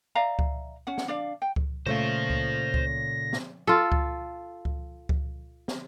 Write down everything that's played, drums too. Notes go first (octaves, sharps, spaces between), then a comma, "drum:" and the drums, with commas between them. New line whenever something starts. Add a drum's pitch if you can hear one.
D5 E5 F5 A#5
drum: kick C#2
C#4 F#5
drum: snare
D4 D5 F5
G5
drum: kick C#2
A#2 C#3 A3 C5 C#5 F5 A#6
drum: kick C#2
drum: kick C#2
drum: snare
F4 A4
drum: kick C#2
drum: kick C#2
drum: kick C#2
drum: snare